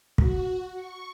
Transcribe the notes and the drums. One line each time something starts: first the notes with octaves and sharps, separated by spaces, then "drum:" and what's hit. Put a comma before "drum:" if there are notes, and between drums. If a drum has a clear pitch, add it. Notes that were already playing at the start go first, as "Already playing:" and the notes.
F#4, drum: kick
C#6